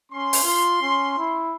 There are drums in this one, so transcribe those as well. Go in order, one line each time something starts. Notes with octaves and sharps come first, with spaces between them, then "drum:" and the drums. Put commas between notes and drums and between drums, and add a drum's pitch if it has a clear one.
C#4 C6
drum: open hi-hat
F4
C#4
E4